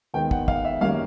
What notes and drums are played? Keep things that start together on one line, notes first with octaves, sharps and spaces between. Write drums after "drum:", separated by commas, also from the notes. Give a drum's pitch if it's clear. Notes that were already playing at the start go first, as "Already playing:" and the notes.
D#2 D#3 G#3 B3 G5
F#5, drum: kick
F5, drum: kick
E5
F#2 D#3 G3 A#3 C#4 F5